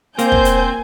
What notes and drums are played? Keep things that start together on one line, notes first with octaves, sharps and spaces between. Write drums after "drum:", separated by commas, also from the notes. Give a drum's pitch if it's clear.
A#3 C4 C5 G#5 G6, drum: hi-hat
drum: kick
drum: hi-hat